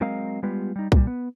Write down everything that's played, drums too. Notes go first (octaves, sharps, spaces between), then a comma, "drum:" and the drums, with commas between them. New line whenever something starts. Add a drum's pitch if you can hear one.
F#3 G#3 C4 A#4 D#5 F5
G3 G#3 B3 F4 G4 B4
G3 D#4
A#2 G3, drum: kick B1
B3